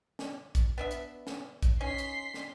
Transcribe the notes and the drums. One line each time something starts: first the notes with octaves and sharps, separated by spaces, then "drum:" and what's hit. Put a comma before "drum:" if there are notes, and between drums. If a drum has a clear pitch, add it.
drum: snare
drum: kick, hi-hat
B3 D4 E5
drum: hi-hat
drum: snare
drum: kick, hi-hat
C#4 D#4 C6 B6 C7
drum: hi-hat
drum: snare